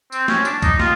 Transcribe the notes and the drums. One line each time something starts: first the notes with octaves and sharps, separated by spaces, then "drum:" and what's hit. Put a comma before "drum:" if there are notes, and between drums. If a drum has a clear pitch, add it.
C4, drum: tambourine
C#4, drum: snare
D4, drum: tambourine
D#4, drum: kick, tambourine
F4, drum: snare